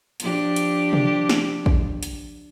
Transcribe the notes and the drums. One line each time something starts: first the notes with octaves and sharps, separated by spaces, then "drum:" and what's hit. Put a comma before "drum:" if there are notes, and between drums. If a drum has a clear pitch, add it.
F3 D4 G4, drum: hi-hat
drum: hi-hat
drum: tom C3
drum: snare
drum: kick
drum: hi-hat